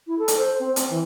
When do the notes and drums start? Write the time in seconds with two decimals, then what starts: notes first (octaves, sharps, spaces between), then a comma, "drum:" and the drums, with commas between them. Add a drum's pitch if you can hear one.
0.07 E4
0.19 A4
0.28 drum: hi-hat
0.37 C5
0.59 C4
0.76 C4, drum: hi-hat
0.90 E3